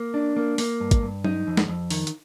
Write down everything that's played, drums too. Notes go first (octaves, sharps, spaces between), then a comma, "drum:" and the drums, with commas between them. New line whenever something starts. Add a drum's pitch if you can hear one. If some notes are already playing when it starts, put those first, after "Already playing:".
Already playing: A#3
D4
A#3
A#3, drum: open hi-hat
G2
drum: kick, hi-hat
G2
D#4, drum: tom F#3
F2
drum: snare
F2
D#3, drum: open hi-hat
drum: hi-hat